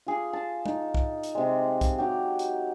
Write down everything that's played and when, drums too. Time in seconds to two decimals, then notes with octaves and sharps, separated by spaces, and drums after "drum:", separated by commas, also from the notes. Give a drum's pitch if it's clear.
0.07 F4 G#4
0.33 A5
0.66 D#4, drum: tom G#3
0.94 drum: kick
1.23 drum: hi-hat
1.35 C3 G#3
1.81 drum: kick, hi-hat
1.98 F#3 G4
2.39 drum: hi-hat